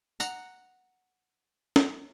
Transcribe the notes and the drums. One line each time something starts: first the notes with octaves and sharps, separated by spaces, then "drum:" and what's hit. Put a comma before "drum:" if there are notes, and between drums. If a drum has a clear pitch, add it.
F#5 A#5, drum: tambourine
drum: snare